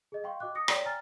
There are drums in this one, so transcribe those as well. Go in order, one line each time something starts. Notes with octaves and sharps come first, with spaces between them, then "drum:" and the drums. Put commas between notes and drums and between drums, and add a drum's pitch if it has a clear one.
G#4 D#5
F5 G5 C6 C#6
F#4 D#5 D6 F#6
D#6 A#6 C#7
C#5 D5 G5, drum: rim click
G#5 A#5 F6 A6